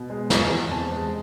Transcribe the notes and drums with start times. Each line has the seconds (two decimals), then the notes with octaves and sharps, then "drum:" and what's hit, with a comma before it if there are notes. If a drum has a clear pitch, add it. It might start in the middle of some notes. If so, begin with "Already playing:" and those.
Already playing: B2
0.10 G#3
0.30 E2 G#5, drum: snare
0.51 E2
0.72 C3 A5
0.92 G#3